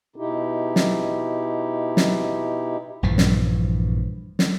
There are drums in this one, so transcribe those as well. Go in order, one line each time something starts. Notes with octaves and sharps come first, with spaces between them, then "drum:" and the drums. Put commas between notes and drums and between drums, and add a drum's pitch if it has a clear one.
B2 D#4 E4 G4
drum: snare
drum: snare
A#1 G2 E3 F3
drum: snare
drum: snare